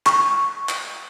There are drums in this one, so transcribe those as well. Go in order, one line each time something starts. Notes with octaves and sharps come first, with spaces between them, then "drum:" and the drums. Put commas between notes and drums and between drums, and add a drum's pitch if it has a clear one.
C#6, drum: clap
drum: clap